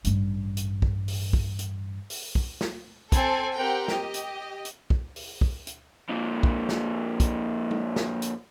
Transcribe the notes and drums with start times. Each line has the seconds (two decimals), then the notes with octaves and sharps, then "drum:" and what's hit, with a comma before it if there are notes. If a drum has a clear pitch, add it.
0.04 A1 G2, drum: hi-hat
0.57 drum: hi-hat
0.82 drum: kick
1.08 drum: open hi-hat
1.33 drum: kick
1.59 drum: hi-hat
2.10 drum: open hi-hat
2.35 drum: kick
2.61 drum: snare
3.12 C4 A4 G#5 A5, drum: kick, hi-hat
3.55 C4 G4 A#4 F#5 G5 A#5
3.88 G4 D#5, drum: snare
4.14 drum: hi-hat
4.65 drum: hi-hat
4.90 drum: kick
5.16 drum: open hi-hat
5.41 drum: kick
5.67 drum: hi-hat
6.10 F2 A#2
6.43 drum: kick
6.69 drum: snare
7.20 drum: kick, hi-hat
7.71 drum: tom G#3
7.96 drum: snare
8.22 drum: hi-hat